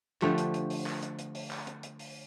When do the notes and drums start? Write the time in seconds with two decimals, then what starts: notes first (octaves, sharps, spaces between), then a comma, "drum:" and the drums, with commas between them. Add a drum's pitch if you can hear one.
0.22 D3 F3 A3 G4, drum: clap
0.38 drum: hi-hat
0.54 drum: hi-hat
0.70 drum: open hi-hat
0.86 drum: clap
1.03 drum: hi-hat
1.19 drum: hi-hat
1.35 drum: open hi-hat
1.51 drum: clap
1.67 drum: hi-hat
1.83 drum: hi-hat
1.99 drum: open hi-hat